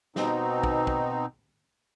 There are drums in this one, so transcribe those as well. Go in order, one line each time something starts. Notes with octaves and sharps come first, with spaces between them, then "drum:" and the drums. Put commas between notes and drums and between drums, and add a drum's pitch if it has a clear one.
B2 C4 D#4, drum: snare
drum: kick
drum: kick